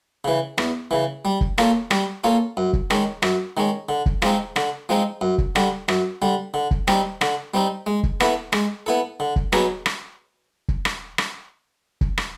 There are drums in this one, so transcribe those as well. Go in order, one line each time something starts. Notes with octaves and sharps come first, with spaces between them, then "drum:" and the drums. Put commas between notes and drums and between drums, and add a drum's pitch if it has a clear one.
C#3 E3
E2, drum: rim click
C#3 E3
G3
drum: kick
A#3 C#4 F4 A4, drum: rim click
G3, drum: rim click
A#3 C#4 F4 A4
F#2
drum: kick
D#3 G#3 C#4, drum: rim click
F#2, drum: rim click
D#3 G#3 C#4
D3
drum: kick
F3 G#3 C4 D#4, drum: rim click
D3, drum: rim click
F3 G#3 C4 D#4
F#2
drum: kick
D3 G3, drum: rim click
F#2, drum: rim click
D3 G3
D3
drum: kick
G3 C4 D#4, drum: rim click
D3, drum: rim click
G3 C4 D#4
G#3
drum: kick
B3 E4 A4, drum: rim click
G#3, drum: rim click
B3 E4 A4
D3
drum: kick
F#3 B3 D#4 G#4, drum: rim click
drum: rim click
drum: kick
drum: rim click
drum: rim click
drum: kick
drum: rim click